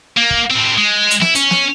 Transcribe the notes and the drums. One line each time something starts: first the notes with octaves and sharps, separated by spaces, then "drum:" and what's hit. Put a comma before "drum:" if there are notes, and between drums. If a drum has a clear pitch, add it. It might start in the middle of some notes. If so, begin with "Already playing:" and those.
A#3
drum: kick
A2 C4
G#3
drum: hi-hat
E4, drum: snare
C#4, drum: hi-hat
drum: snare